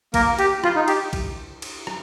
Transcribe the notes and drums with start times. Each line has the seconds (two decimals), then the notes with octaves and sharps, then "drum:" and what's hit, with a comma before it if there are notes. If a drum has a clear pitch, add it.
0.14 A#3 A#4, drum: kick A#1, cymbal
0.39 G4, drum: cymbal
0.64 F4, drum: rim click
0.76 D#4
0.88 G4, drum: cymbal
1.13 drum: kick A#1, cymbal
1.62 drum: cymbal
1.87 drum: rim click